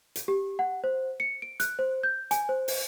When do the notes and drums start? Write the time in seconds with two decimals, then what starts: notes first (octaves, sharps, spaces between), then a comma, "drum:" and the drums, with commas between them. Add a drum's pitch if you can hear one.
0.16 drum: hi-hat
0.28 G4
0.59 F#5
0.84 C5
1.20 C#7
1.42 D7
1.60 F#6, drum: hi-hat
1.79 C5
2.03 G6
2.31 G#5, drum: hi-hat
2.49 C5
2.68 drum: open hi-hat